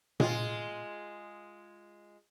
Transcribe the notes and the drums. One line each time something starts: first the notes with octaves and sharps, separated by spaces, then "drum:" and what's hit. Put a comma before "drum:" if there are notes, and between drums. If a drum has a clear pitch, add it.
G#3 F4, drum: tom A#2